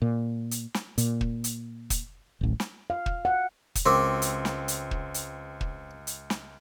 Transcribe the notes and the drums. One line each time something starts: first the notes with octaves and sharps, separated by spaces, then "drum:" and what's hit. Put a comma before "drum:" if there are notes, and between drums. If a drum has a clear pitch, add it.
A#2
drum: hi-hat
drum: snare
A#2, drum: hi-hat
drum: kick
drum: hi-hat
drum: kick, hi-hat
D1 A1
drum: snare
F5
drum: kick
F#5
drum: kick, hi-hat
C#2 C4 F#4 A#4 D6
drum: hi-hat
drum: snare
drum: hi-hat
drum: kick
drum: hi-hat
drum: kick
drum: hi-hat
drum: snare